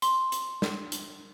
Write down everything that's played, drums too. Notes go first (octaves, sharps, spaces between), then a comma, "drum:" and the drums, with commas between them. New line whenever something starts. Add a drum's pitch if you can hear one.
C6, drum: hi-hat
drum: hi-hat
drum: snare
drum: hi-hat